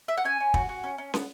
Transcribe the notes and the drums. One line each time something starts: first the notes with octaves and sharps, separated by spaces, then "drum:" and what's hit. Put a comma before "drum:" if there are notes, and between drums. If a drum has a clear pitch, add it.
E5
F#5
C#4 G#5
C#4
F#4, drum: kick
F#4
C#4
C#4
B3, drum: snare